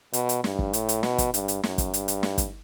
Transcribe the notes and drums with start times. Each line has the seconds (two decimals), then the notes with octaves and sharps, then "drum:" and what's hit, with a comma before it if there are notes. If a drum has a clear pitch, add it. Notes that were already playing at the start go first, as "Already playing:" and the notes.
0.13 B2, drum: hi-hat
0.29 drum: hi-hat
0.44 G2, drum: snare
0.59 drum: kick
0.73 A2, drum: hi-hat
0.89 drum: hi-hat
1.03 B2, drum: snare
1.18 drum: kick, hi-hat
1.34 G2, drum: hi-hat
1.48 drum: hi-hat
1.63 F#2, drum: snare
1.78 drum: kick, hi-hat
1.94 G2, drum: hi-hat
2.08 drum: hi-hat
2.23 drum: snare
2.38 drum: kick, hi-hat